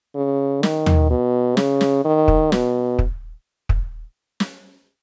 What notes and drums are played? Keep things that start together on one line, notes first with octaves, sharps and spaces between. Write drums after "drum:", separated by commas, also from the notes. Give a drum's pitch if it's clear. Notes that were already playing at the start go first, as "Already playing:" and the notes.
C#3
D#3, drum: snare
drum: tom D#2
B2
C#3, drum: snare
drum: snare
D#3
drum: kick
B2, drum: snare
drum: kick
drum: kick
drum: snare